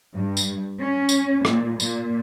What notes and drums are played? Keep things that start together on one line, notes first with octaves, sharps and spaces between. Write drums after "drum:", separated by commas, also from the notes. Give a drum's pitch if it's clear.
G2
drum: tambourine
C#4
drum: tambourine
A#2, drum: rim click
A#2, drum: tambourine